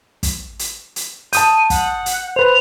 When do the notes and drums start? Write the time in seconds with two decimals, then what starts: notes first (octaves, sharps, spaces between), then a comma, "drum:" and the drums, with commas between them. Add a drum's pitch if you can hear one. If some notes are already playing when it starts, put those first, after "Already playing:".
0.23 drum: kick, hi-hat
0.59 drum: hi-hat
0.96 drum: hi-hat
1.33 A5 D#6 G6 D#7, drum: hi-hat
1.70 F#5, drum: kick, hi-hat
2.06 drum: hi-hat
2.36 B4 C5 F7